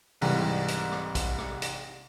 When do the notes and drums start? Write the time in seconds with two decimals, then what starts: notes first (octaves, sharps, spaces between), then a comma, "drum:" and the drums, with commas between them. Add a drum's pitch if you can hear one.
0.21 C2 G#2 E3 G3, drum: open hi-hat
0.68 drum: hi-hat
0.92 drum: rim click
1.15 drum: kick A#1, hi-hat
1.38 drum: rim click
1.62 drum: hi-hat